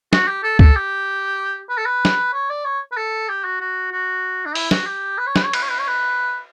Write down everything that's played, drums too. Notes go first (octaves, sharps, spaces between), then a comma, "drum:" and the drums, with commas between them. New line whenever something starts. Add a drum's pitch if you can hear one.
F#4, drum: snare
G4
A4
A4, drum: kick C#2
G4
B4
A4
B4
drum: snare
C#5
D5
C#5
B4
A4
G4
F#4
F#4
F#4
D4
E4, drum: open hi-hat
F#4, drum: snare
G4
B4
C#5
B4, drum: snare
C#5
B4, drum: cymbal
C#5
B4
C#5
B4